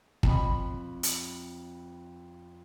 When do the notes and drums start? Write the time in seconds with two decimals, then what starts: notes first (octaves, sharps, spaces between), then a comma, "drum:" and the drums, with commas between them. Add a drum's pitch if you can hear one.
0.23 F2 B5, drum: kick
1.03 drum: hi-hat